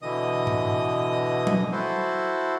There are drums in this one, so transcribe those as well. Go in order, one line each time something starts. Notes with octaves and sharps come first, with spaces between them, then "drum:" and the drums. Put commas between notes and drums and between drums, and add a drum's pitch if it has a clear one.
B2 D3 E3 D#5 D#6
drum: tom G#2
drum: tom F#3
E4 F#4 A4 C5